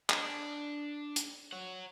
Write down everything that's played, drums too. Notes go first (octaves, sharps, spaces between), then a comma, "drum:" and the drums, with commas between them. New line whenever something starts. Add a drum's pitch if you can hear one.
D4, drum: clap
drum: hi-hat
C#5 F#5